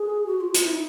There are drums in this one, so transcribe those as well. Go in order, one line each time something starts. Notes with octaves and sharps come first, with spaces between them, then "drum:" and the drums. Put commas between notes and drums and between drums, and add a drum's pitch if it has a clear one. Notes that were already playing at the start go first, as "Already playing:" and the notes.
Already playing: G#4
F#4
F4
F4, drum: hi-hat
E4
D#4